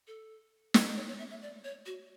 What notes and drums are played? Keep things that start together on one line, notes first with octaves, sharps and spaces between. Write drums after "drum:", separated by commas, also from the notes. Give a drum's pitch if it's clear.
A4
drum: snare
C#5
C#5
E5
E5
D5
C#5
F#4